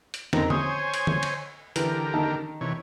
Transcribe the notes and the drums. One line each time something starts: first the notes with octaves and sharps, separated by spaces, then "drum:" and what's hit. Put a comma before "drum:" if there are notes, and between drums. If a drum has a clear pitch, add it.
drum: hi-hat
F2 D3 D#3 C4 A#5, drum: snare
C5 C#5 G#5 D#6, drum: tom D3
drum: hi-hat
drum: tom D3
drum: cymbal
D3 E3 G4 A#4, drum: hi-hat
D#3 A5
C3 E3 C#5